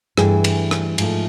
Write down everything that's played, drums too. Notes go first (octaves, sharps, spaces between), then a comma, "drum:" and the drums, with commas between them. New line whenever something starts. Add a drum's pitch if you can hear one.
G2 E3 A3 G#4, drum: rim click
drum: cymbal
drum: rim click
G#2 F3 A3, drum: cymbal